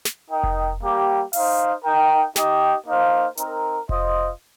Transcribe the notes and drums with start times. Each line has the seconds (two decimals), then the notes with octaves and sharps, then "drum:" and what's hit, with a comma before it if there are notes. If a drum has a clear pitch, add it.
0.05 drum: snare
0.30 D#4 A#4 D#5 G5
0.43 drum: kick F1
0.82 G3 A#3 G4
1.33 D#4 C5 F5, drum: open hi-hat
1.85 D#4 A#4 G5
2.36 D#4 G4 D#5 G5, drum: snare
2.86 A#3 D#4 C5 F5
3.37 C4 D#4 A#4, drum: hi-hat
3.89 F4 C5 D#5, drum: kick F1